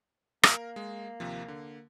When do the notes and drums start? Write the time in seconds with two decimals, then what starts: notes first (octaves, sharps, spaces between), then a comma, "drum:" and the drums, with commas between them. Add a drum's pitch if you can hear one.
0.43 A#3 A#4, drum: rim click
0.76 G#3
1.20 D#2 C3 F3
1.48 D3